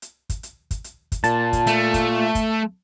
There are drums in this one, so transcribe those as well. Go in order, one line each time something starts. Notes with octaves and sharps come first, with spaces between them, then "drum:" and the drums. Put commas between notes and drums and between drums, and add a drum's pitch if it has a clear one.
drum: hi-hat
drum: kick, hi-hat
drum: hi-hat
drum: kick, hi-hat
drum: hi-hat
drum: kick, hi-hat
A#2 A5, drum: hi-hat
drum: kick, hi-hat
A3, drum: hi-hat
drum: kick, hi-hat
drum: kick, hi-hat